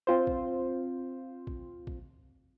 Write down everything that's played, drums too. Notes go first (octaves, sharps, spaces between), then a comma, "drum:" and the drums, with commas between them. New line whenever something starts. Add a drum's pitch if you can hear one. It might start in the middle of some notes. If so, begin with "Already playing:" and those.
C4 F4 C5
drum: kick
drum: kick
drum: kick